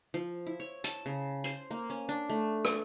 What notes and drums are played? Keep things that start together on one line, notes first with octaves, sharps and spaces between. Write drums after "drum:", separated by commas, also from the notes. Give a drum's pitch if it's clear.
F3
E4
C#5
A5, drum: hi-hat
C#3
C5, drum: hi-hat
A#3
C#4
D4
A3
drum: rim click